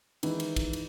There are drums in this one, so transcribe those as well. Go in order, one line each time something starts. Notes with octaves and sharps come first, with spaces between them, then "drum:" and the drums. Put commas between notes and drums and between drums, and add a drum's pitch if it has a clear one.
D#3 E3 G#3 E4, drum: cymbal
drum: cymbal
drum: kick, cymbal
drum: cymbal